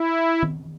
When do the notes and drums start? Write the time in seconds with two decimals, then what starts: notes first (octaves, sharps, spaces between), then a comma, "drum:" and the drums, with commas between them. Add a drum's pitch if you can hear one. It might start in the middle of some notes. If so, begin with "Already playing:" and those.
Already playing: E4
0.43 drum: tom D#3